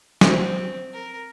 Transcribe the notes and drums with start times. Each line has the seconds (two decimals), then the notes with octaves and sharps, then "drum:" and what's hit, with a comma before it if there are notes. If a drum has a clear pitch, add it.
0.21 C4, drum: snare
0.93 A#4